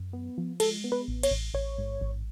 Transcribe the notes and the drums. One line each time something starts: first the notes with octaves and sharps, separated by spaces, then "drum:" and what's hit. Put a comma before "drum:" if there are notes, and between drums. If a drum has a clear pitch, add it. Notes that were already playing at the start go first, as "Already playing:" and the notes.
Already playing: F#2
B3
F3
G#3 A4, drum: cymbal
B3
B4
A1
C#5, drum: cymbal
A1
A1 C#5
G#2
A1